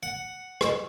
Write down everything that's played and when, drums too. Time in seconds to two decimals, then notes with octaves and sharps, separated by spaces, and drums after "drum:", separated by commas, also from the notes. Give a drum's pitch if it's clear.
0.03 F#5
0.61 drum: rim click